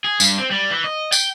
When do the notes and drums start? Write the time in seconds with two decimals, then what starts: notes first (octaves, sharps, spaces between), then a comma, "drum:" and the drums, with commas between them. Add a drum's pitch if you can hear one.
0.04 G#4
0.20 G2, drum: tambourine
0.38 C4
0.51 G3
0.71 E3
0.84 D#5
1.12 G5, drum: tambourine